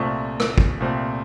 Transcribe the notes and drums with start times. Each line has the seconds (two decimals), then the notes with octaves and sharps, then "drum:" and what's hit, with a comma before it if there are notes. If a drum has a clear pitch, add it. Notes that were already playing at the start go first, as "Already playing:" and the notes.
Already playing: C2 A#2 A3 C4 C#6
0.40 drum: rim click
0.58 drum: kick
0.80 C2 A#2 A3 C4